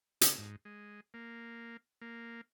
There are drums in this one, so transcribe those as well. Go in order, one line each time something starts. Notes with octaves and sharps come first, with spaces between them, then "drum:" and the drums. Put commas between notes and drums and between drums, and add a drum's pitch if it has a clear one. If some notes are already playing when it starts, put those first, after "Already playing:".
C#3, drum: hi-hat
G#2
G#3
A#3
A#3